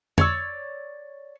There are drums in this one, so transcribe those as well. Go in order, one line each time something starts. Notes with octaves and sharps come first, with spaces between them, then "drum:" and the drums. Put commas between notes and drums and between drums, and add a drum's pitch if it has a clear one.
C#5 D5 C#6 E6, drum: tom